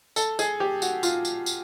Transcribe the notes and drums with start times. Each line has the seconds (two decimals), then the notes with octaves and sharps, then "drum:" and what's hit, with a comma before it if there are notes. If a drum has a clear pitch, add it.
0.16 A4, drum: tambourine
0.39 G#4, drum: tambourine
0.60 G4
0.82 F#4, drum: tambourine
1.03 F4, drum: tambourine
1.25 drum: tambourine
1.46 drum: tambourine